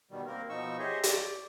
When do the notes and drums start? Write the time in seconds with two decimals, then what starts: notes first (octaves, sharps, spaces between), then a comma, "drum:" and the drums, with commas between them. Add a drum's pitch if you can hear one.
0.11 B2 D#3 G3
0.26 A#3 C4 A#4
0.49 B2 F3 D#4 C#6 E6
0.79 G4 G#4 C5 C#5 D#5 E5
1.03 D5, drum: hi-hat